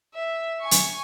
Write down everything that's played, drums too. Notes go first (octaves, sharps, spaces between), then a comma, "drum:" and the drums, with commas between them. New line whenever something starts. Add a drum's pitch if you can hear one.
E5
G#5 C#6
drum: hi-hat